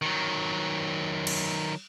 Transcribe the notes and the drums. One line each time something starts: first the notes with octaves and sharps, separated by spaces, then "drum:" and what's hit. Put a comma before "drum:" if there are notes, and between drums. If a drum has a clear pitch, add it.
D#3 F#3
drum: cymbal